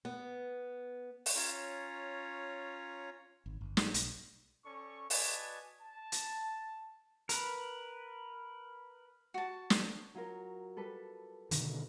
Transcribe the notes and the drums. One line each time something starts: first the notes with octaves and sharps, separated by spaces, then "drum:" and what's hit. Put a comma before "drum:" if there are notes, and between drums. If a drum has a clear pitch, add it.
B3
drum: open hi-hat
C#4 F4 C#5 A#5
G#1
G1
G#2, drum: snare
B1, drum: hi-hat
C#4 A4 D5 C#6
F#4 B4 D5 D#5 G#5 A5, drum: open hi-hat
A5
drum: hi-hat
A#4 B4, drum: hi-hat
F#4 A5
drum: snare
F#3 F4 A#4
G3 A4 B4
B2 D3 D#3, drum: hi-hat